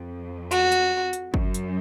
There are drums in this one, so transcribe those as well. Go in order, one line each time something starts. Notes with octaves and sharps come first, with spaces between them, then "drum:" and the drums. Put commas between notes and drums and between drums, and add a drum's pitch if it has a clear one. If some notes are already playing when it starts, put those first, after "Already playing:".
Already playing: F2
F#4, drum: hi-hat
drum: hi-hat
drum: hi-hat
F#2, drum: kick
drum: hi-hat